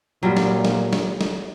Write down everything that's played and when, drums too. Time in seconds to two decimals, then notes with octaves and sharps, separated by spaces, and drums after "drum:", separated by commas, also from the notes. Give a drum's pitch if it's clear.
0.23 A#2 F#3 G3 F4
0.37 drum: snare
0.65 drum: snare
0.93 drum: snare
1.21 drum: snare